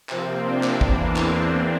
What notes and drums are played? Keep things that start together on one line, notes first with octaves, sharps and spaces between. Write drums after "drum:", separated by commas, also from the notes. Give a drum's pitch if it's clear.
C3 F3 A#3 C4, drum: clap
D4
drum: clap
E2 E3 A#3 D4, drum: kick
C4, drum: clap